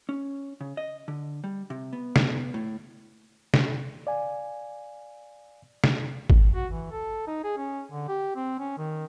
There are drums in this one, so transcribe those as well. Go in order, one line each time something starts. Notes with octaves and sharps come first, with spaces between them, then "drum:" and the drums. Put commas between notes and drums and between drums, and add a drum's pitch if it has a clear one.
C#4
C#3
D#5
D3
G3
C3
B3
drum: snare
A2
drum: snare
D5 F5 G#5
drum: snare
drum: kick G#1
F#4
E3
A4
D#4
G#4
C#4
D3
G4
C4
C#4
D#3